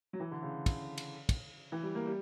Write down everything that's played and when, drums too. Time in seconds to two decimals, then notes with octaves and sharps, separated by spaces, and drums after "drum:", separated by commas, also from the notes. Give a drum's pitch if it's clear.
0.13 F#3
0.20 E3
0.31 D3
0.43 C#3
0.66 drum: kick, cymbal
0.98 drum: cymbal
1.29 drum: kick, cymbal
1.72 E3
1.83 G3
1.95 A#3
2.07 G3